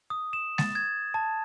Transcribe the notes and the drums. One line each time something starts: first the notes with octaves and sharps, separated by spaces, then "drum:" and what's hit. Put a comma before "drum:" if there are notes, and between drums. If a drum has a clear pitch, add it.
D#6
E7
A6, drum: snare G#3
G#6
A5